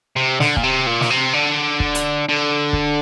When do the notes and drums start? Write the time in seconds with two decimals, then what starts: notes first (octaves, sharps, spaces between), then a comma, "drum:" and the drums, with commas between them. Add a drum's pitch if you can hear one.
0.16 C3
0.40 D3, drum: snare
0.57 A#2, drum: kick
0.63 C3
0.86 A#2
1.01 drum: snare
1.10 C3
1.33 D3
1.80 drum: kick
1.95 drum: hi-hat
2.29 D3
2.73 drum: kick